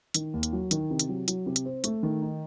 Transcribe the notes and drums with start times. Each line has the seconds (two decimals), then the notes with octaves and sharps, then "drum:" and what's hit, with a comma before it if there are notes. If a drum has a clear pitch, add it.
0.14 D#3, drum: hi-hat
0.34 D#2
0.43 drum: hi-hat
0.53 F#3
0.71 D#3, drum: hi-hat
0.90 C3
0.99 drum: hi-hat
1.09 F#3
1.28 F#3, drum: hi-hat
1.46 C3
1.56 drum: hi-hat
1.65 C4
1.84 A3, drum: hi-hat
2.03 D#3
2.22 D#4